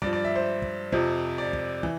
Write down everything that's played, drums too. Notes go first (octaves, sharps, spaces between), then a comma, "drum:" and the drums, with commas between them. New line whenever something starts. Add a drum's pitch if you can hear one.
G2 F3 D5, drum: kick
D5
E5
C5
drum: kick
F2 C3 F3, drum: kick
D5
drum: kick
E3, drum: kick